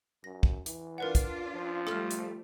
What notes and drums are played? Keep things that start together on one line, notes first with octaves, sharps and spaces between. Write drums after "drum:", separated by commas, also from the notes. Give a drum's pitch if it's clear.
F#2 A#6
drum: kick
E3, drum: hi-hat
D4 F4 A#4 B4 F#5
drum: kick, hi-hat
F3
G3 A3 A4 F6, drum: rim click
drum: hi-hat